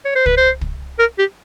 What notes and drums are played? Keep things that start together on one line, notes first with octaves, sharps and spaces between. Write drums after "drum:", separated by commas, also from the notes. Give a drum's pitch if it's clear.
C#5
C5
B4, drum: kick
C5
drum: kick
A#4
G4